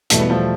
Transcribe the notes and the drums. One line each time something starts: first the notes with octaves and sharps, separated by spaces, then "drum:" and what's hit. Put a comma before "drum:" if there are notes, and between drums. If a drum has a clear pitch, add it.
E2 B2 G3 A3, drum: hi-hat
B3
F3 A3